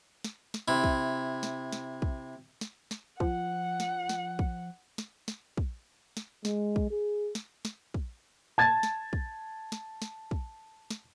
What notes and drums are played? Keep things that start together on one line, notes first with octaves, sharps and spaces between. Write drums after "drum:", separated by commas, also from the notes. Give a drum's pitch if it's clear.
drum: snare
drum: snare
C3 E4
drum: kick
drum: snare
drum: snare
drum: kick
drum: snare
drum: snare
F3 F#5, drum: kick
drum: snare
drum: snare
drum: kick
drum: snare
drum: snare
drum: kick
drum: snare
G#3, drum: snare
drum: kick
G#4
drum: snare
drum: snare
drum: kick
A5 G#6 A6
drum: snare
drum: kick
drum: snare
drum: snare
drum: kick
drum: snare